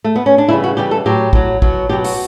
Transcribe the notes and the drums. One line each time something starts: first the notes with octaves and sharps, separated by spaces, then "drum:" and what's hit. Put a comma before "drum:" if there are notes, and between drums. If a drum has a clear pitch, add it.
A3
B3
C#4
D4
C#3 E3 G3 E4
F#4
C#3 E3 G3 G4
A4
A2 F#3 G4
A2 F#3, drum: kick
B2 F#3, drum: kick
B2 F#3 G4
F#4, drum: open hi-hat